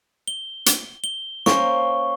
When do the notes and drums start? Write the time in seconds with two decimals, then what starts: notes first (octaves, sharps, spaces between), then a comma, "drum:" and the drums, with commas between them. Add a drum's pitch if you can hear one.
0.28 G7
0.66 drum: hi-hat
1.04 G7
1.46 A#3 C#4 C5 C#6, drum: snare